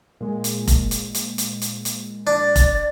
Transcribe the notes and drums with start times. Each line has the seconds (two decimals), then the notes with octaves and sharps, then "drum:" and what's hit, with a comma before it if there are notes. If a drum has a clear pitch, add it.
0.21 A#2 G#3
0.44 drum: hi-hat
0.68 drum: kick F1, hi-hat
0.91 drum: hi-hat
1.15 drum: hi-hat
1.38 drum: hi-hat
1.62 drum: hi-hat
1.85 drum: hi-hat
2.27 D4 D5
2.56 drum: kick F1, hi-hat